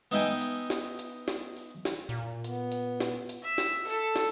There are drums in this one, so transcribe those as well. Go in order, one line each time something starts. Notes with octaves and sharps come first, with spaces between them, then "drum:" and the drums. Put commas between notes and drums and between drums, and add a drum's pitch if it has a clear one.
B3 D#4 E5 G5 G#5
drum: hi-hat
drum: snare
drum: hi-hat
drum: snare
drum: open hi-hat
drum: snare
A#2
B3, drum: hi-hat
drum: hi-hat
drum: snare
drum: hi-hat
E5
drum: snare
A4, drum: open hi-hat
drum: snare